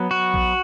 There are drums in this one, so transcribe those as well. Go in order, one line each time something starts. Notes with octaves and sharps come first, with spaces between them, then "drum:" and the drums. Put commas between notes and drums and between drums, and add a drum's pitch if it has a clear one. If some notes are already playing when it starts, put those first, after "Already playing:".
Already playing: F#3 B3
F#4
drum: kick A#1